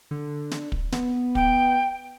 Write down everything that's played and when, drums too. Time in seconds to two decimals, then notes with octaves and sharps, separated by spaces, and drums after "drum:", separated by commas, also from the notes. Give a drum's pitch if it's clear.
0.11 D3
0.51 drum: snare
0.72 drum: kick
0.92 B3, drum: snare
1.35 G5, drum: kick